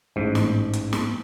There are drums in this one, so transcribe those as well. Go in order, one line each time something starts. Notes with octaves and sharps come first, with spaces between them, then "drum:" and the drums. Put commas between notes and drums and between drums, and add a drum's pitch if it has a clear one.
A1 G#2
drum: snare
drum: hi-hat
drum: snare